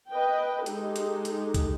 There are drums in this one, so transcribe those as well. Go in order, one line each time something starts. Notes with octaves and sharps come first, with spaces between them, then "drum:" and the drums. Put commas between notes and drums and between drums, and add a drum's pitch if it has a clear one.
B4 D#5 G5
G#3 D#4 G4 A4, drum: hi-hat
drum: hi-hat
drum: hi-hat
drum: kick, hi-hat